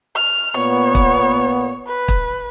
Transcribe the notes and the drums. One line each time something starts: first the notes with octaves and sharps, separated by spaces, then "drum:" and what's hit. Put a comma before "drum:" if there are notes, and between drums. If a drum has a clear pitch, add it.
F6
A#2 B3 C#5
drum: kick
B4
drum: kick